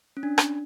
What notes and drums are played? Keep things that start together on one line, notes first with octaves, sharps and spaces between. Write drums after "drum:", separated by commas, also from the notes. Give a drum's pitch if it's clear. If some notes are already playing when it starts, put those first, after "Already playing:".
C#4
D4
drum: rim click